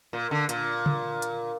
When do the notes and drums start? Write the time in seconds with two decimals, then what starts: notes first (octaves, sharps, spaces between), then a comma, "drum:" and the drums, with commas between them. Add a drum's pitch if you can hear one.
0.13 A#2
0.31 D3
0.49 A#2, drum: hi-hat
0.86 drum: tom C#3
1.22 drum: hi-hat